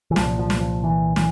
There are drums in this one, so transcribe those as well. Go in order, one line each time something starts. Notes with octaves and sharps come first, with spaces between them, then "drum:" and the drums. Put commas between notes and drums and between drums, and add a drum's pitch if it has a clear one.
E3
C2 A#2 F3, drum: snare
F3
drum: snare
F3
E3
E3, drum: snare